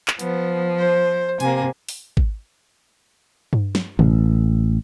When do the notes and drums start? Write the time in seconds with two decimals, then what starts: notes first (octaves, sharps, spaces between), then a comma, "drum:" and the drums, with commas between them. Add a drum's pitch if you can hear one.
0.08 drum: clap
0.19 F3 B3, drum: hi-hat
0.78 C5
1.40 C3 A#3 G#5, drum: hi-hat
1.89 drum: open hi-hat
2.17 drum: kick G#1
3.53 drum: tom G2
3.75 drum: snare
3.99 A1, drum: tom B2